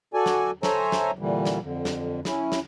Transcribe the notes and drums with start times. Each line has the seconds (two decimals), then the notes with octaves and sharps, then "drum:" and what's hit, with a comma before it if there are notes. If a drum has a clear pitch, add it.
0.14 F#4 A4 D5 G#5
0.26 drum: snare
0.63 A4 C5 C#5 E5 G#5 A#5, drum: snare
0.92 drum: snare
1.19 A#2 D3 E3 G3
1.45 drum: snare
1.62 F2 D3
1.85 drum: snare
2.25 C#4 E4, drum: snare
2.52 drum: snare